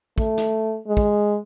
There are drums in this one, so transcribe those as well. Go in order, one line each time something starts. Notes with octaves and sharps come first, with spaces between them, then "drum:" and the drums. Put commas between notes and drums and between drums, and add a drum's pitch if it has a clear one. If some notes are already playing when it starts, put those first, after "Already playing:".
A3, drum: kick
drum: snare
G#3
drum: kick